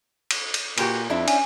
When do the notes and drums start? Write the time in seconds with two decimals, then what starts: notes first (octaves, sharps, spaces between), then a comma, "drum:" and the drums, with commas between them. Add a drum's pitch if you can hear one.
0.31 drum: cymbal
0.54 drum: cymbal
0.78 A#2 F#4 G4 B4, drum: cymbal
1.10 F2 D4 E4 E5
1.28 C#4 G#5, drum: cymbal